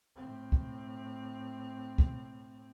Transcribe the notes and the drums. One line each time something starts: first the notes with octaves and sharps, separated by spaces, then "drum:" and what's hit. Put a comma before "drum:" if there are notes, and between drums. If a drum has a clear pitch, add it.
A2 C4
drum: kick
drum: kick